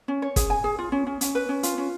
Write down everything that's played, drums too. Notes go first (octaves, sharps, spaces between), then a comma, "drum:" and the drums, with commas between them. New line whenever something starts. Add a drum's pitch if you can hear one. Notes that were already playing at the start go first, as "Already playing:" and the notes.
C#4
C#5
G#4, drum: kick, hi-hat
G#5
G#4
F4
C#4
C#4
C#4, drum: hi-hat
B4
C#4
F4, drum: hi-hat
C#4